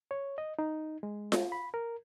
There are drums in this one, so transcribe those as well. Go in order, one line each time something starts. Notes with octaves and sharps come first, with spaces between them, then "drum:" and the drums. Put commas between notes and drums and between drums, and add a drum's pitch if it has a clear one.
C#5
D#5
D#4
G#3
drum: snare F4
B5
A#4